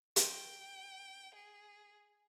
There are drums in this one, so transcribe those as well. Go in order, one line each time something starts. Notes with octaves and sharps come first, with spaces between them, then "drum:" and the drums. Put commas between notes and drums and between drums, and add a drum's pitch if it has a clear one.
G5, drum: hi-hat
G#4